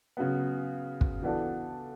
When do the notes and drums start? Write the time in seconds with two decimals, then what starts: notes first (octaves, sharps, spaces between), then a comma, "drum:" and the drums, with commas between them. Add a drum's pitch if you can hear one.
0.17 C#3 F#3 B3
1.01 drum: kick
1.22 E3 B3 D4 F#4 A4